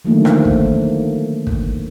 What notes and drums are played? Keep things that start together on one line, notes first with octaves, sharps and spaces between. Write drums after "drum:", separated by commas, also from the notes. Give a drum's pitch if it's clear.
D3 D#3 F3 F#3 A3 A#3
drum: rim click
drum: kick
drum: kick